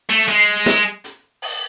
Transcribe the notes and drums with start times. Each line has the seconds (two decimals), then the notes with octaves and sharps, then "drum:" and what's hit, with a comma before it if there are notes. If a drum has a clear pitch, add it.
0.10 A3
0.28 G#3, drum: hi-hat
0.66 drum: snare
1.04 drum: hi-hat
1.42 drum: open hi-hat